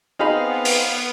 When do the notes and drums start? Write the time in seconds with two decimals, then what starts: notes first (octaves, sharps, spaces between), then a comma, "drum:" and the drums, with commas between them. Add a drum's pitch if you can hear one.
0.20 B3 C4 D#4 G#4 F5 B5
0.65 drum: open hi-hat